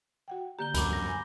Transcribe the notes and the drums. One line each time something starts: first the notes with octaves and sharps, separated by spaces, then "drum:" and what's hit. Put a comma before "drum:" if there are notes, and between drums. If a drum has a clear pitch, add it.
F#4 F#5 G5
D3 A#3 G4 A#5 G6 G7
F#2 B5 D6, drum: kick C#2, hi-hat
A#6
G#5